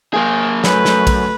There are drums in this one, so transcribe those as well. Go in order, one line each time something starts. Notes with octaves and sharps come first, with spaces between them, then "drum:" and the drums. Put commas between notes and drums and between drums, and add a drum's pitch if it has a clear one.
A#3 G#4
F#2 A3 B4, drum: snare
drum: snare
drum: kick A#1, cymbal